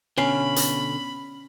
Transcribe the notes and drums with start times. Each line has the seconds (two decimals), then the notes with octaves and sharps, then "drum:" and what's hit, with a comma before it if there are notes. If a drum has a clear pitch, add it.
0.18 B2 D3 C#4 F5 B5
0.56 drum: hi-hat